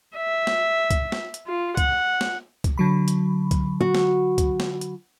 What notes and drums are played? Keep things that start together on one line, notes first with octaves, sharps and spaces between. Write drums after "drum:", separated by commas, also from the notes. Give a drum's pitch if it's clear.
E5
drum: snare
drum: kick, hi-hat
drum: snare
drum: hi-hat
F4
F#5, drum: kick, hi-hat
drum: snare
drum: kick, hi-hat
D3 F#3 B5
drum: hi-hat
drum: kick, hi-hat
F#4
drum: snare
drum: kick, hi-hat
drum: snare
drum: hi-hat